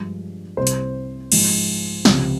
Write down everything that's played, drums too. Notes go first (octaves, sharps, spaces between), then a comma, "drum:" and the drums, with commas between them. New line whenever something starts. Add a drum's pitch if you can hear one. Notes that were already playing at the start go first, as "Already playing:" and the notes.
Already playing: G2 F3 G#3
C2 C3 G3 C5
drum: hi-hat
G#2 F3 G#3, drum: cymbal
C#2 C3 F3, drum: snare